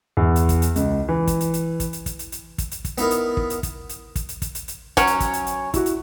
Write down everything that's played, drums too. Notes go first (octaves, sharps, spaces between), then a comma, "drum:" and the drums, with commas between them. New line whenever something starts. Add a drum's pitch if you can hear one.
E2
drum: hi-hat
drum: kick, hi-hat
drum: hi-hat
C#2, drum: hi-hat
E3
drum: kick, hi-hat
drum: hi-hat
drum: hi-hat
drum: kick, hi-hat
drum: hi-hat
drum: kick, hi-hat
drum: hi-hat
drum: hi-hat
drum: kick, hi-hat
drum: hi-hat
drum: kick, hi-hat
B3 D#4 E4 A#4, drum: hi-hat
drum: hi-hat
drum: kick
drum: hi-hat
drum: kick, hi-hat
drum: hi-hat
drum: kick, hi-hat
drum: hi-hat
drum: kick, hi-hat
drum: hi-hat
drum: hi-hat
F#3 C#4, drum: kick, hi-hat
drum: hi-hat
drum: kick, hi-hat
drum: hi-hat
drum: hi-hat
E4 F#4, drum: kick, hi-hat
drum: hi-hat